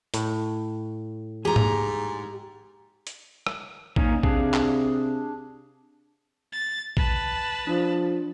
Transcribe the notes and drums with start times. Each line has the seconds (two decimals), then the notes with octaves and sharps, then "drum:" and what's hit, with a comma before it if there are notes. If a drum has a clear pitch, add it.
0.14 A2, drum: hi-hat
1.45 G#2 G4 G#4 A#5
1.56 drum: tom G#2
3.07 drum: hi-hat
3.47 drum: rim click
3.96 A#3 C#4 D#4, drum: kick A#1
4.23 C3 D4 G#4 F5, drum: kick A#1
4.54 drum: clap
6.52 A6
6.97 B4 A5, drum: kick A#1
7.67 F3 D4